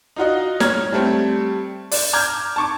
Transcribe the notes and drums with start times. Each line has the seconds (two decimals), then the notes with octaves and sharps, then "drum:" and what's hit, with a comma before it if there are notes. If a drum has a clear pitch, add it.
0.16 D#4 F4 F#4 D#5
0.60 C#5 A#5 F6 G#6, drum: snare
0.92 G3 A3 C4
1.92 D5, drum: open hi-hat
2.13 A#5 D6 F6 G6 G#6
2.56 A5 C#6 D6